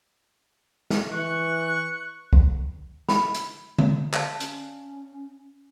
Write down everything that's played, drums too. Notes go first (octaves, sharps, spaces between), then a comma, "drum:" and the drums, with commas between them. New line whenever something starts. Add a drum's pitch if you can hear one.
drum: snare
E3 C#6 F#6
drum: kick B1
B5, drum: snare
drum: hi-hat
drum: tom D3
D5 F5 A5, drum: clap
C#4, drum: hi-hat